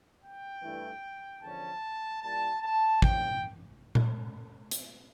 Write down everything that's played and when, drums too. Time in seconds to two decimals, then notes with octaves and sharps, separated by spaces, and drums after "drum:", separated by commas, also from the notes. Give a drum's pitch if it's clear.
0.22 G5
0.63 G2 E3 A3
1.42 E2 D3 F3 C#4 A5
2.22 A#2 G3 A#3 E4 A5
2.62 A5
3.02 G2 D3 F3 C#4 G5, drum: kick
3.95 drum: tom A#2
4.71 drum: hi-hat